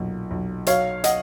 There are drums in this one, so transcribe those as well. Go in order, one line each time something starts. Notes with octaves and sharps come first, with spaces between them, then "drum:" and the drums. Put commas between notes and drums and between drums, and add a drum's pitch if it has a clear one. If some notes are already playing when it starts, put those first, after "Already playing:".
Already playing: B1 A#2
B1
F#3 C#5 F5, drum: hi-hat
D#5 F#5, drum: hi-hat